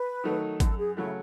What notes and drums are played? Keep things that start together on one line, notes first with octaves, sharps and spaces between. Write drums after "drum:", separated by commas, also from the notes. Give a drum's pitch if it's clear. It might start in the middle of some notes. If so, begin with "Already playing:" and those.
Already playing: B4
D#3 F#3 A3 D#4
F#2 A4, drum: kick G#1, hi-hat
G#4
C#3 F#3 A3 E4